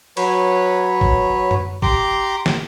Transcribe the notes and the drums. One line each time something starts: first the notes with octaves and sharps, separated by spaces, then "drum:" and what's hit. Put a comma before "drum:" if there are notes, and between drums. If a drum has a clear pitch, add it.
F#3 B4 C#5, drum: cymbal
drum: kick
drum: tom F#2
G4 A#5 C6 D6, drum: kick
drum: snare